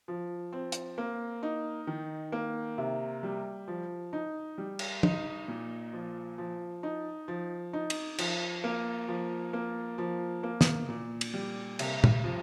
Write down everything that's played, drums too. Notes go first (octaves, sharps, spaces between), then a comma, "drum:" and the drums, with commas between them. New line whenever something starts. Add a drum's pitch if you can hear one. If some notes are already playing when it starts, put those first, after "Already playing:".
F3
C4
drum: hi-hat
A#3
D#4
D#3
A#3
C3
G3
F3
D#4
G3
drum: cymbal
D#4, drum: tom
A#2
F3
F3
D#4
F3
D#4
drum: cymbal
F3, drum: cymbal
A#3
F3
A#3
F3
A#3
drum: snare
A#2
drum: cymbal
G3
C3, drum: cymbal
drum: tom
F3